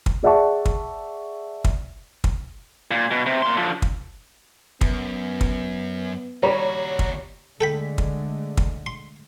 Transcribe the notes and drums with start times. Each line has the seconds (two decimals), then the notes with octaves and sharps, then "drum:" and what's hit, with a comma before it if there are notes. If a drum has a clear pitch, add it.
0.06 drum: kick
0.23 G#4 D5 E5 F#5 A5 C#6
0.65 drum: kick
1.64 drum: kick
2.24 drum: kick
2.91 A#2
3.11 B2
3.26 C3
3.42 A#3 C6
3.57 D3 F3
3.82 drum: kick
4.81 F#2 B3, drum: kick
5.41 drum: kick
6.43 D#2 G3 F#4 C#5 A#5
6.99 drum: kick
7.61 D3 G#3 A3 A4 G5 B5
7.98 drum: kick
8.57 drum: kick
8.86 C6